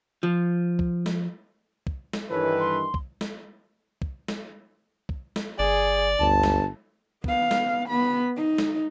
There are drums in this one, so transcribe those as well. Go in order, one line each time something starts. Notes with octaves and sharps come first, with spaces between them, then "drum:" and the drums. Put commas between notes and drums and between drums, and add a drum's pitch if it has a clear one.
F3
drum: kick
drum: snare
drum: kick
drum: snare
G2 D#3 E3 A4 B4 C#5
C6
drum: kick
drum: snare
drum: kick
drum: snare
drum: kick
drum: snare
G1 G#4 D5
G1 D2 A5
drum: snare
B3 F5, drum: kick
drum: snare
B3 B5
D#4
drum: snare